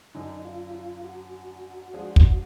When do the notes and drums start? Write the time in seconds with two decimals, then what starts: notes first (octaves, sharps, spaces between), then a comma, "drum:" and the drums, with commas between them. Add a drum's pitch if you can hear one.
0.15 F#2 D3 F#3 D#4
0.45 F4
0.75 F4
1.04 F#4
1.93 F3 G#3 D4 G#4
2.16 drum: kick